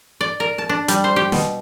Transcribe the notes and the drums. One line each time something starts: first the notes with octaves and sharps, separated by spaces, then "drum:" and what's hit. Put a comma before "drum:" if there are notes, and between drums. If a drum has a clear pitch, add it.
D5
A#4
A5
D4
G3, drum: hi-hat
C5
G4
B2, drum: snare